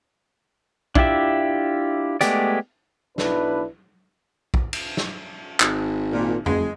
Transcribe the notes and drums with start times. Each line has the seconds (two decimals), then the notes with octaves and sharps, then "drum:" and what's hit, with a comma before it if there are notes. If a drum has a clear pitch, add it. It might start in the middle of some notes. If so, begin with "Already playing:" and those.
0.95 D4 E4 F4 G4 E5, drum: kick A#1
2.21 G#3 A3 B3 G4 D5, drum: hi-hat
3.18 B1 D4 E4 B4, drum: snare
4.54 drum: kick A#1
4.73 drum: cymbal
4.97 drum: snare
5.60 G#1, drum: clap
6.12 A#2
6.46 F#1 G#3, drum: tom F2